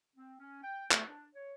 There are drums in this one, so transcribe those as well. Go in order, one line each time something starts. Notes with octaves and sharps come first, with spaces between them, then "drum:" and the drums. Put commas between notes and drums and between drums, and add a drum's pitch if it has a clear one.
C4
C#4
G5
A3, drum: clap
D4
C#5